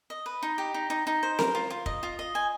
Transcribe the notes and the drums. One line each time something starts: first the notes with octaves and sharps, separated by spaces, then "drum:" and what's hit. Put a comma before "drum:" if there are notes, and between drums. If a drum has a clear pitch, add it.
D#5
B4
D#4
G4
D#4
D#4
D#4
C5
A#4, drum: snare C4
F4
F4
D#5, drum: kick
F4
D#5
G#5